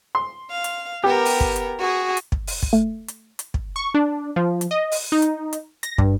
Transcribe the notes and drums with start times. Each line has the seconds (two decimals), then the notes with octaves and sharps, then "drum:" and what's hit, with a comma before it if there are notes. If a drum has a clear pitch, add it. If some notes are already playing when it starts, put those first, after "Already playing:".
0.15 C6
0.50 F5
0.64 drum: hi-hat
1.04 B3 G4 A#4
1.25 drum: open hi-hat
1.40 drum: kick
1.56 drum: hi-hat
1.80 F#4 G#4
2.17 drum: hi-hat
2.32 drum: kick
2.47 drum: open hi-hat
2.63 drum: kick
2.73 A3
3.08 drum: hi-hat
3.39 drum: hi-hat
3.54 drum: kick
3.76 C#6
3.94 D4
4.36 F3
4.61 drum: hi-hat
4.71 D#5
4.92 drum: open hi-hat
5.12 D#4
5.22 drum: hi-hat
5.53 drum: hi-hat
5.83 A#6, drum: hi-hat
5.98 G2, drum: kick